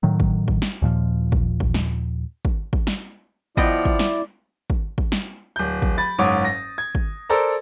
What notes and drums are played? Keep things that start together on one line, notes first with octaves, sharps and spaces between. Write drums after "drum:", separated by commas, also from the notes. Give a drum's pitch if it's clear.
A2 D#3 F#3
drum: kick
drum: kick
drum: snare
D#2 A#2 F3
drum: kick
drum: kick
drum: snare
drum: kick
drum: kick
drum: snare
F3 B3 E4 D5 D#5 G5, drum: kick
drum: kick
drum: snare
drum: kick
drum: kick
drum: snare
D1 G6
drum: kick
B5 A6
F#1 G#2 C#5 F#5 D6 D#6
A#6
G#6
drum: kick
A4 A#4 C5 D5 A#5